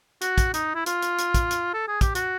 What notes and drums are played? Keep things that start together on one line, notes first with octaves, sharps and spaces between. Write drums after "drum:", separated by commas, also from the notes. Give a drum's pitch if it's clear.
F#4, drum: hi-hat
drum: kick, hi-hat
D#4, drum: hi-hat
E4
F4, drum: hi-hat
drum: hi-hat
drum: hi-hat
drum: kick, hi-hat
drum: hi-hat
A4
G#4
G4, drum: kick, hi-hat
F#4, drum: hi-hat